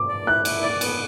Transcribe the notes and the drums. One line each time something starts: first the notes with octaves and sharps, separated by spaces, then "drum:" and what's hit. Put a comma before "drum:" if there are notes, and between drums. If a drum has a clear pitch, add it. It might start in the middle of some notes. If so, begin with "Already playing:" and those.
Already playing: D6
D5
E4 F#6
E4, drum: cymbal
D5
B3, drum: cymbal